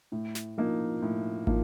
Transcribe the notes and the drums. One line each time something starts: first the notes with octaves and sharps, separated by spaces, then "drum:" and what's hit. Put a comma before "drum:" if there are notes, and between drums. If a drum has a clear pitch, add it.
A2
drum: snare
F3 A#3 D#4
A2
F3 A#3 D#4, drum: kick